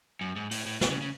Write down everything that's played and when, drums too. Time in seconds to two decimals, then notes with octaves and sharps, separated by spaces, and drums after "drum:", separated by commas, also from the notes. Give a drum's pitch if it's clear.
0.21 F#2
0.36 G#2
0.51 A2, drum: open hi-hat
0.66 A2
0.81 B2, drum: snare
0.91 C#3
1.01 C#3